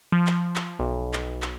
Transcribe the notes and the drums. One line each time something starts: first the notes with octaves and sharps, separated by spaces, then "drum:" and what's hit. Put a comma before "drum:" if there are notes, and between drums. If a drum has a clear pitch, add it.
F3
drum: clap
drum: clap
B1
drum: clap
drum: clap